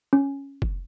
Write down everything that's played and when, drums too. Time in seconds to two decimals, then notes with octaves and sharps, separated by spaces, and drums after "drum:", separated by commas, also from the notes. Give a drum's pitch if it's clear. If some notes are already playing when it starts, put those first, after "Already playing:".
0.13 C#4
0.62 drum: kick